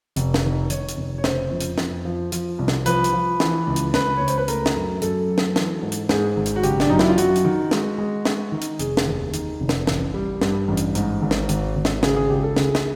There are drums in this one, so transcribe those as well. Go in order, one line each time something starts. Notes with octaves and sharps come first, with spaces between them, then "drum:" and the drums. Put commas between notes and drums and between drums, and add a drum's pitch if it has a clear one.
F1, drum: hi-hat
drum: snare
D#3
D#3 C#5, drum: hi-hat
drum: hi-hat
F1
C#5
C#3 C5, drum: snare
F2
drum: hi-hat
F2, drum: snare
F3
F3, drum: hi-hat
C2
drum: snare
F3 B4, drum: hi-hat
drum: hi-hat
F3
E3, drum: snare
C#2
drum: hi-hat
C#2 B4, drum: snare
C#2 C#5
C5, drum: hi-hat
B4
A3 A#4, drum: hi-hat
drum: snare
F#2
F#2 A4, drum: hi-hat
F#3
drum: snare
E3, drum: snare
G#2
drum: hi-hat
G#2 G#4, drum: snare
G#1
drum: hi-hat
F#4
F#1 G4, drum: hi-hat
D4, drum: snare
F#2 D#4
E4, drum: snare
F4
F#2 F#4, drum: hi-hat
drum: hi-hat
D#3
G#3, drum: snare
G#3
G#3, drum: snare
D#3
drum: hi-hat
F1 G#4, drum: hi-hat
drum: snare
D#2
D#3, drum: hi-hat
F1
drum: snare
A1, drum: snare
G3
G2, drum: snare
A1
drum: hi-hat
G#2, drum: hi-hat
G#1
drum: snare
G#1, drum: hi-hat
G#1
drum: snare
C#3 G#4, drum: snare
G#4
C#2 G4
A4
C#3 G#4, drum: snare
drum: snare